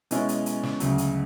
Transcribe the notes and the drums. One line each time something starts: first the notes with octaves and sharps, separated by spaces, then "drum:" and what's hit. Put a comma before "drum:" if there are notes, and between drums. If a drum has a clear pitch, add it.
B2 G#3 C#4 E4, drum: hi-hat
drum: hi-hat
drum: hi-hat
drum: snare
D2 C#3 F#3, drum: hi-hat
drum: hi-hat